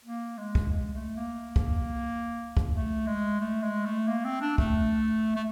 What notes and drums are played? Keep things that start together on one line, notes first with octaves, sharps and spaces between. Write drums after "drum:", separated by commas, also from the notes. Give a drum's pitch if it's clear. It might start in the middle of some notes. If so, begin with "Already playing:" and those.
A#3
G#3
drum: kick
G#3
A3
A#3
drum: kick
drum: kick
A3
G#3
A3
G#3
A3
A#3
C4
D4
A3, drum: kick
A3